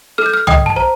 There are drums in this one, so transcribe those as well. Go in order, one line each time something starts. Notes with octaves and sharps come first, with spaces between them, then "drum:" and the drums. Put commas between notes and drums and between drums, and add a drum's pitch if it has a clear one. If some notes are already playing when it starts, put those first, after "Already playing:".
A4 F6
G6
F6
D#5 G5 D#6, drum: tom
A5
C5 A#5